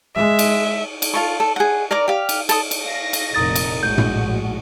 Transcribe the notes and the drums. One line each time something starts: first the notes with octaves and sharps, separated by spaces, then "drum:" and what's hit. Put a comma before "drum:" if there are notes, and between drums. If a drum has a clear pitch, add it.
G#3 E5
drum: cymbal
drum: cymbal
F4 A4 C#6
A4
G#4 F#5
A#4 D5 A#5 D6
G4 F5
drum: cymbal
A4 D#6, drum: cymbal
drum: cymbal
F5 A#6
drum: cymbal
F1 A#1 C3 D#3 A#5 D#6 A6
drum: cymbal
A#1 A2 G#3 F#4 G6
drum: tom